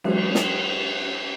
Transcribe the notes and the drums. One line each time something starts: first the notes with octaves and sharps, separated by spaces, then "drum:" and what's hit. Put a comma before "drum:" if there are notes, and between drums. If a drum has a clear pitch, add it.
E3 F#3 G#3 F#4, drum: cymbal
drum: snare